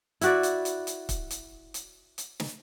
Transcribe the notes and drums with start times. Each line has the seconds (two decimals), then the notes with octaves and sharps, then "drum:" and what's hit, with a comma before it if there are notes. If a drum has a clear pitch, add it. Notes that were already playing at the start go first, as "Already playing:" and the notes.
0.21 E4 F#4 D5, drum: hi-hat
0.43 drum: hi-hat
0.65 drum: hi-hat
0.87 drum: hi-hat
1.09 drum: kick, hi-hat
1.31 drum: hi-hat
1.74 drum: hi-hat
2.18 drum: hi-hat
2.40 drum: snare